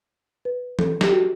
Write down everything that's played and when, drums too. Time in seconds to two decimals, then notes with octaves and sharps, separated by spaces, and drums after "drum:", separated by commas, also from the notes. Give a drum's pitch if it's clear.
0.45 B4
0.79 A4, drum: tom E3
1.01 G4, drum: snare
1.12 F#4